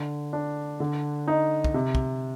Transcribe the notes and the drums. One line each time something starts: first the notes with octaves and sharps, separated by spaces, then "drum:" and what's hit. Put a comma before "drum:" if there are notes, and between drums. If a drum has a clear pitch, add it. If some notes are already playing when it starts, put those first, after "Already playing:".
Already playing: D3
D4
D3
D#4
drum: kick
C3
drum: kick